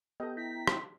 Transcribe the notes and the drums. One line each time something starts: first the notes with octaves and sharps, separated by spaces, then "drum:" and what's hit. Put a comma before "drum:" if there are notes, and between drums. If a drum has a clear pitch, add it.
B3 G4 A4 D#5 G5
E4 G5 A#5 B6
drum: rim click